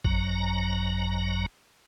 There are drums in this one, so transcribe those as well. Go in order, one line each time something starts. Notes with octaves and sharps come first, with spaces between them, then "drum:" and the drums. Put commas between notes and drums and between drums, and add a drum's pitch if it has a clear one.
G#1 F#2 F#3 A#5, drum: kick A#1